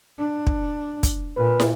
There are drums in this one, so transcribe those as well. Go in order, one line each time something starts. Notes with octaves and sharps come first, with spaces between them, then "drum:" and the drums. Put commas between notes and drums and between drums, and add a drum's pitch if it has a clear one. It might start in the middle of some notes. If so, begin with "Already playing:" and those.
D4
drum: kick
drum: kick, hi-hat
A#2 B4
drum: snare